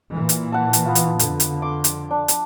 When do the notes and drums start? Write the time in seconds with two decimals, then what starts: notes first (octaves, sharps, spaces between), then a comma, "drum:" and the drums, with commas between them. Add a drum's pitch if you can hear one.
0.14 A#2 E3
0.29 drum: hi-hat
0.52 F#5 A5
0.73 drum: hi-hat
0.86 B3 F4
0.95 drum: hi-hat
1.19 F2 D3, drum: hi-hat
1.40 drum: hi-hat
1.62 C6 D6
1.84 drum: hi-hat
2.11 D4
2.28 drum: hi-hat